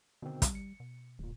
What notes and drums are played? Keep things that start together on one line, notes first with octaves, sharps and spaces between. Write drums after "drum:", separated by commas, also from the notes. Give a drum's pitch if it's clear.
B2 D3 D#3 C4
G3, drum: kick, hi-hat
C#7
B2
D1 G1 A#2